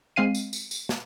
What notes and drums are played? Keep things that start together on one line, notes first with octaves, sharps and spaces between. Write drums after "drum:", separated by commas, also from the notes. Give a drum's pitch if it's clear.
G#3 C4 F5 C7 D#7
drum: tambourine
drum: tambourine
drum: tambourine
drum: snare